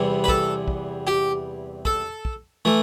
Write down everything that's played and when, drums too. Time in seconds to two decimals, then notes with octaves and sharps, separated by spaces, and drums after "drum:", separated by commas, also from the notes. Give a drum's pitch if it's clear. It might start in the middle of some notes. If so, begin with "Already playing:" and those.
Already playing: E2 C3 E3 G3 B3
0.24 B4
0.28 A4, drum: kick
0.68 drum: kick
1.07 G4
1.85 A4, drum: kick
2.25 drum: kick
2.65 E3 A3